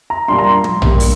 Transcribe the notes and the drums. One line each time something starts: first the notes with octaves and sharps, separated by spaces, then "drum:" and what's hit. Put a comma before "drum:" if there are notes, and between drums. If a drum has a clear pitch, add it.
A#5
A#2 G3 D4 C6
A#5
C6
drum: tom
G2 G3 A#3, drum: tom A#1
drum: open hi-hat